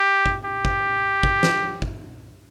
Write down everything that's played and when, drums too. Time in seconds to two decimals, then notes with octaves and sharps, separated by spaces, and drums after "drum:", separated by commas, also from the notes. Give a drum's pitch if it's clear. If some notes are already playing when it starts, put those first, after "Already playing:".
Already playing: G4
0.26 drum: kick
0.45 G4
0.65 drum: kick
1.23 drum: kick
1.43 drum: snare
1.82 drum: kick